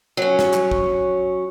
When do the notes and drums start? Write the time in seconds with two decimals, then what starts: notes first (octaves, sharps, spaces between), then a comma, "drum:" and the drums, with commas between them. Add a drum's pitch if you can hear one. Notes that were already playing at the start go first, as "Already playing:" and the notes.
0.17 F#3 C#4
0.39 drum: snare
0.53 drum: clap
0.71 drum: kick